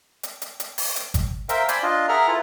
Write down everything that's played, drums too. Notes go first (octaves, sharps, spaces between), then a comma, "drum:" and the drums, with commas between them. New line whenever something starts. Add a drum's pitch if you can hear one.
drum: hi-hat
drum: hi-hat
drum: hi-hat
drum: open hi-hat
drum: hi-hat
drum: kick G1, hi-hat
A#4 C5 E5 F5 G5, drum: hi-hat
C5 D5 G5 G#5 B5 C6, drum: hi-hat
D4 F4 D#5 F5
G#4 A#4 E5 F#5 A#5 F6
E4 F4 A4 B4